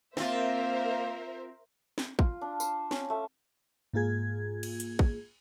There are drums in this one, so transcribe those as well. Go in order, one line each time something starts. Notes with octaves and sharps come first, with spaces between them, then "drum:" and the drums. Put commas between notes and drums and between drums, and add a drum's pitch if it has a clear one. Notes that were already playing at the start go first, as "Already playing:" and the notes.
A#3 C4 F4 A#4 C5 E5, drum: snare
drum: snare
F4, drum: kick
D4
C5, drum: tambourine
C#4, drum: snare
A3
G#2 A#3 F4 G#4 G#6
drum: cymbal
drum: hi-hat
drum: kick